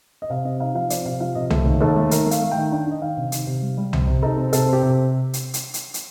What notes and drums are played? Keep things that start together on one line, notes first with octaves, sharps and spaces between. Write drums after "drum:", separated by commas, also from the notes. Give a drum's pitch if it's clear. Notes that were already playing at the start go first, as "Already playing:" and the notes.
D#5
C3 F5
C4 D#5
D#4 F5
F3 F5
C4 D5, drum: hi-hat
C3 F5
F3 F5
C3 D#5
A3 A4, drum: tom C2
D#2
D#2 A4
A3
D#3 A#4, drum: hi-hat
A3
F5, drum: hi-hat
A3
G5
D#3
D4 G5
D4 D#5
D#3 F5
C3
D#3, drum: hi-hat
C3
G3
G3
C3, drum: tom C2
C3
D#4 A4
C4
C3 A4, drum: hi-hat
C4 G4
C3
drum: hi-hat
drum: hi-hat
drum: hi-hat
drum: hi-hat